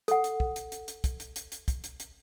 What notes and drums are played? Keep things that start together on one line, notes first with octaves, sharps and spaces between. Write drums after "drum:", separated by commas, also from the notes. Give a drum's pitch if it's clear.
A4 F#5, drum: hi-hat
drum: hi-hat
drum: kick
drum: hi-hat
drum: hi-hat
drum: hi-hat
drum: kick, hi-hat
drum: hi-hat
drum: hi-hat
drum: hi-hat
drum: kick, hi-hat
drum: hi-hat
drum: hi-hat